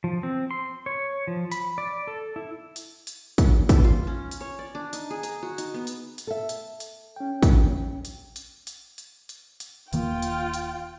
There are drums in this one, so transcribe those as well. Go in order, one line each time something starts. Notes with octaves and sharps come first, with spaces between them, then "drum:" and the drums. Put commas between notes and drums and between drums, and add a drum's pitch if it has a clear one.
F3
C4
C6
C#5
F3
B5, drum: hi-hat
D5
A4
E4
drum: hi-hat
drum: hi-hat
drum: kick, hi-hat
drum: kick, hi-hat
F4
C#4
drum: hi-hat
C#5
D5
D4
D#4, drum: hi-hat
G#4
A#5, drum: hi-hat
F#4
D#4, drum: hi-hat
B3
drum: hi-hat
drum: hi-hat
A4 E5
drum: hi-hat
drum: hi-hat
C#4 G5
drum: kick, hi-hat
drum: hi-hat
drum: hi-hat
drum: hi-hat
drum: hi-hat
drum: hi-hat
drum: hi-hat
D#1 D#3 A#3 F4 G5, drum: hi-hat
drum: hi-hat
drum: hi-hat